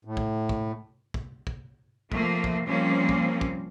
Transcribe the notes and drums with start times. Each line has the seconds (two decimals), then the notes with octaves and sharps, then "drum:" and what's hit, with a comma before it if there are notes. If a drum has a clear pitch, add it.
0.05 A2
0.17 drum: kick
0.49 drum: kick
1.14 drum: kick
1.47 drum: kick
2.12 F3 A3 A#3 C4, drum: kick
2.44 drum: kick
2.66 F3 G3 A#3 C4 C#4
3.09 drum: kick
3.41 drum: kick